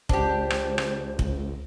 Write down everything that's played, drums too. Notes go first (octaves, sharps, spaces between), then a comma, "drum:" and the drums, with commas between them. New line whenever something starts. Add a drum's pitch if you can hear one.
C#2 D4 G4 C5, drum: kick
drum: rim click
drum: rim click
drum: kick